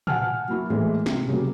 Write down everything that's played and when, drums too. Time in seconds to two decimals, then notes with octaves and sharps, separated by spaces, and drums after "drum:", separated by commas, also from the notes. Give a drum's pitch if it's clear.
0.07 F5 F#5 G#5 A5 F6, drum: tom
0.48 F#3 A#3 E4 F#4
0.70 A2 E3 G#3 A#3
1.06 C3, drum: snare
1.28 C#3 F#3 G3 A#3